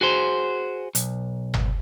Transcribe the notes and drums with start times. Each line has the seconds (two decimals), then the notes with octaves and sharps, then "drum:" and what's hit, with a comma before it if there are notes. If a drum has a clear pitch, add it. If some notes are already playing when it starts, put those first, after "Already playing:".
0.01 F#4 G#4 C5
0.95 B1, drum: hi-hat
1.54 drum: tom G1